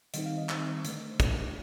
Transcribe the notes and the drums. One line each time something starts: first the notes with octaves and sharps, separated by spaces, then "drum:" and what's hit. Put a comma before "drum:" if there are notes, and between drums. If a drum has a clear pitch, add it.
D#3 G3 C4 D#4 D#5, drum: hi-hat
F5
D#5
D#3 G3 C4 D#4, drum: clap
D3 A3 D4, drum: hi-hat
C5
D3 A3 D4 D5, drum: kick, hi-hat
D5